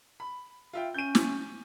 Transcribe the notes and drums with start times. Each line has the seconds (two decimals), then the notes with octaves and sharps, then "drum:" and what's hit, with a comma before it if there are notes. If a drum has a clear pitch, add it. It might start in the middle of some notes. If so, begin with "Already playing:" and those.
0.20 B5
0.73 F4 E5 G5
0.94 C#4 G6 D#7
1.15 drum: snare